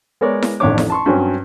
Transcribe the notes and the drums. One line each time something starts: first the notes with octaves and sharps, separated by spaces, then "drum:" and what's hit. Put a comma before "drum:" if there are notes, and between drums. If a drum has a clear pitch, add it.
G#3 B3 A#4 C#5 D5
drum: snare E4
A1 F2 D#3 D4 C#5 D6
drum: snare E4
A5 C6 C#6
G2 F#3 C4 C#4